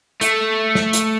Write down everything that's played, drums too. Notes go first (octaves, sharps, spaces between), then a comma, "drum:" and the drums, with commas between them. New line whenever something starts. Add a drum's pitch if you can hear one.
A3, drum: hi-hat
drum: snare
drum: hi-hat